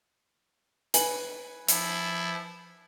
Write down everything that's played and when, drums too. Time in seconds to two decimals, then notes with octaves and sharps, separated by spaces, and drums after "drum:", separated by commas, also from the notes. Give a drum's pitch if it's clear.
0.94 B4 G#5 F#7, drum: hi-hat
1.68 F3 E4, drum: hi-hat